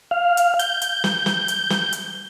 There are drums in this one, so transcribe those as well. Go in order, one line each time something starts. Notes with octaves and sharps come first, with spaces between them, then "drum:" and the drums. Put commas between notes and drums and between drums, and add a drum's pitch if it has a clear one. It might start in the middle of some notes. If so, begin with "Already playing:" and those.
F5
drum: hi-hat
G6, drum: hi-hat
drum: hi-hat
drum: snare
drum: snare
drum: hi-hat
drum: snare
drum: hi-hat